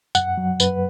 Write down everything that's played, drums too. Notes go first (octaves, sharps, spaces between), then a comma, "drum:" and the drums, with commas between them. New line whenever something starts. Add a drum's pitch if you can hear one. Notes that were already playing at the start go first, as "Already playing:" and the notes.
F#2 F#5, drum: tambourine
F#3
F#2 B4, drum: tambourine